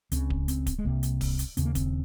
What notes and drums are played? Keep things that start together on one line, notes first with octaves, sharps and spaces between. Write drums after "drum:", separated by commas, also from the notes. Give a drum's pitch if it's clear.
C#2 C#3 C4, drum: hi-hat
drum: kick D1
C4, drum: hi-hat
drum: kick D1, hi-hat
G#3
C2 C3 A#3
drum: hi-hat
drum: kick D1, open hi-hat
drum: hi-hat
D#2 C#3 C4, drum: hi-hat
A#3
C4, drum: kick D1, hi-hat